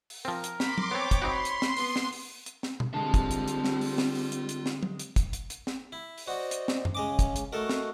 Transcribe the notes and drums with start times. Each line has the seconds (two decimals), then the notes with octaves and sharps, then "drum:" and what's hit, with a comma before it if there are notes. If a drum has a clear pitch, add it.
0.10 drum: open hi-hat
0.25 F3 C4 A#4
0.44 drum: hi-hat
0.60 B5 C6 D6, drum: snare
0.78 drum: tom F#3
0.91 B3 C4 C5 C#5 G5 A5 B5 D6
1.11 drum: kick, hi-hat
1.22 C4 D#4 F#4 B5 C6
1.45 drum: hi-hat
1.62 drum: snare
1.77 B3, drum: open hi-hat
1.96 drum: snare
2.13 drum: open hi-hat
2.46 drum: hi-hat
2.63 drum: snare
2.80 drum: tom B2
2.94 D3 G3 G#3 C4 F4 A5
3.14 drum: kick, hi-hat
3.31 drum: hi-hat
3.48 drum: hi-hat
3.64 drum: snare
3.81 drum: open hi-hat
3.98 drum: snare
4.15 drum: open hi-hat
4.32 drum: hi-hat
4.49 drum: hi-hat
4.66 drum: snare
4.83 drum: tom F#3
4.99 drum: hi-hat
5.16 drum: kick, hi-hat
5.33 drum: hi-hat
5.50 drum: hi-hat
5.67 drum: snare
5.92 E4
6.18 drum: open hi-hat
6.27 F#4 C5 D5 D#5
6.51 drum: hi-hat
6.68 drum: snare
6.85 drum: tom F#2
6.95 C#3 G#3 C#4 D#5 D6
7.19 drum: kick, hi-hat
7.36 drum: hi-hat
7.53 A3 F#4 A4 A#4 D#5 F#5
7.69 drum: snare